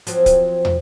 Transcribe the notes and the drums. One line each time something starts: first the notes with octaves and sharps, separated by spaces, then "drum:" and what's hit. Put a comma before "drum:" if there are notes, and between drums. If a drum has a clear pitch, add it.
F3 F#3 C4, drum: hi-hat
drum: kick C#1, hi-hat
drum: tom